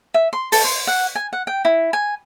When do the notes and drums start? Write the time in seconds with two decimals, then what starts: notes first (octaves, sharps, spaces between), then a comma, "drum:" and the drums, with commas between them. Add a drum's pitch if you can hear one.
0.14 E5
0.33 C6
0.52 A4, drum: open hi-hat
0.64 C6
0.87 F#5
1.15 G#5
1.33 F#5
1.47 G5
1.65 E4
1.93 G#5